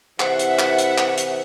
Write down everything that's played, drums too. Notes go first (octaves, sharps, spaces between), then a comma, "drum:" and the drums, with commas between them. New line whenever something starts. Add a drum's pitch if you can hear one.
C3 E3 C5 E5 F#5, drum: clap
drum: hi-hat
drum: clap
drum: hi-hat
drum: clap
drum: hi-hat